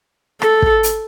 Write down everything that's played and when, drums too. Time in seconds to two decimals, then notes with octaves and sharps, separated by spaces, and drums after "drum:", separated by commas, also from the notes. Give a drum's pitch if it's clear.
0.42 A4, drum: rim click
0.62 drum: kick
0.83 drum: hi-hat